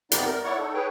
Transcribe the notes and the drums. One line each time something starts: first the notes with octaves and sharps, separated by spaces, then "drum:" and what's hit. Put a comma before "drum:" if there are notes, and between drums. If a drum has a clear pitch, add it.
F2 C3 G3 B3 D#4 D5, drum: hi-hat
A#4
E4 C#5 D5 F#5 C#6
D#4 A4
G#4 B4 C#5 G5